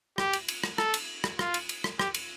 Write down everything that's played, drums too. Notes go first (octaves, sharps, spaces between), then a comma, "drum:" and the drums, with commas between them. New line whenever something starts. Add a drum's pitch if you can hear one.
G4, drum: rim click
drum: cymbal
drum: cymbal
drum: rim click
A4, drum: rim click
drum: cymbal
drum: rim click
F4, drum: rim click
drum: cymbal
drum: cymbal
drum: rim click
G4, drum: rim click
drum: cymbal